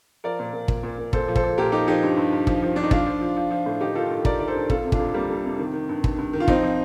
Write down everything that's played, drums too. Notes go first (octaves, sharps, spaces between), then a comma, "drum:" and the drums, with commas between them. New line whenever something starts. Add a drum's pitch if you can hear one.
F3 A#4 D5
A#2
A#2
A#2, drum: kick
A#2
A#2
A#2 A4 C5, drum: kick
F3
A4 C5, drum: kick
F3
A#2 G4 A#4
F3 D#4 G4
F3 D#4 G4
G2
G2
G2
F3, drum: kick
F3
F3 D4
D#4
F3 D4 F4, drum: kick
F3
F3
F3
F3
A2
D#3 D#4 G4
D#3 F4 A4
G2
D#3 A#4 D5, drum: kick
D#3 D5
A4 C5
G2
F2 F4 A4, drum: kick
C3
D4 F4, drum: kick
F2
F2 G3 A#3
F2
C3
D#3
D#3
G2
G2, drum: kick
G2
D#3
F4
F3 C4 D#4, drum: kick
F3